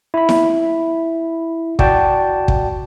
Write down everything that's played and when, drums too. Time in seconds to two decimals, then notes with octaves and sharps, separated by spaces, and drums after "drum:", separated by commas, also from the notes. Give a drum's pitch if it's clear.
0.14 E4 B5
0.29 drum: snare E4
1.79 F#4 D5 G5 A5, drum: kick
2.48 drum: kick